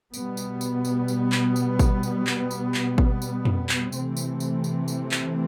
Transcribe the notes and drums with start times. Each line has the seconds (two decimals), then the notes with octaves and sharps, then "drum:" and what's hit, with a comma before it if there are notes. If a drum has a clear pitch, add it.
0.14 B2 G3 B3, drum: tambourine
0.37 drum: tambourine
0.61 drum: tambourine
0.85 drum: tambourine
1.08 drum: tambourine
1.32 drum: clap
1.56 drum: tambourine
1.79 drum: kick, tambourine
2.03 drum: tambourine
2.27 drum: clap
2.51 drum: tambourine
2.74 drum: clap
2.98 drum: kick
3.22 drum: tambourine
3.45 drum: tom F2
3.69 drum: clap
3.92 C3 E3 A3 C4, drum: tambourine
4.17 drum: tambourine
4.40 drum: tambourine
4.64 drum: tambourine
4.88 drum: tambourine
5.11 drum: clap